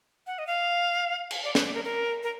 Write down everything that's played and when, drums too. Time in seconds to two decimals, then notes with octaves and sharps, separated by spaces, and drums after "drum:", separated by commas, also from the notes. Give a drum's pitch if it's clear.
0.27 F#5
0.39 D#5
0.47 F5
1.31 drum: cymbal
1.44 D5
1.55 B4, drum: snare
1.64 D5
1.74 A#4
1.84 A#4
2.23 A#4